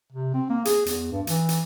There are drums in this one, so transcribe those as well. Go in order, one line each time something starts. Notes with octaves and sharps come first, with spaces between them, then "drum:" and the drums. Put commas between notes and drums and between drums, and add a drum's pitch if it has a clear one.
C3
C4
A#3
G#4, drum: hi-hat
E2, drum: hi-hat
G2
E3, drum: hi-hat
drum: hi-hat